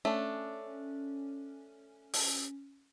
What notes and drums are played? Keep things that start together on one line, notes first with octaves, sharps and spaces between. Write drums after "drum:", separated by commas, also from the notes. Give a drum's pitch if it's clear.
A3 C#4 D4
drum: open hi-hat